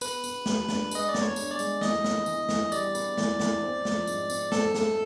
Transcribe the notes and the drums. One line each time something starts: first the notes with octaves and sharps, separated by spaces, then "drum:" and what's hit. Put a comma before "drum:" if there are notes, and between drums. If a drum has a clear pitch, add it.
B3 B4, drum: tambourine
B3, drum: tambourine
G4, drum: snare
D4, drum: snare
G#3 D#5, drum: tambourine
D5
B3, drum: snare
C#5
D4, drum: tambourine
D5
G#3, drum: tambourine
E3 D#5, drum: snare
B3, drum: snare
E3, drum: tambourine
E3, drum: snare
G3 D5, drum: tambourine
B3, drum: tambourine
E3, drum: snare
E3, drum: snare
C4
F3, drum: snare
G#2, drum: tambourine
C4, drum: tambourine
C4 A4, drum: snare
A3, drum: snare